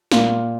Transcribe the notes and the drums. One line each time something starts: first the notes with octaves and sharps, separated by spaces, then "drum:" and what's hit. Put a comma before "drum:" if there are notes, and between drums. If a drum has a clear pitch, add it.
A#2 A#3 F4, drum: snare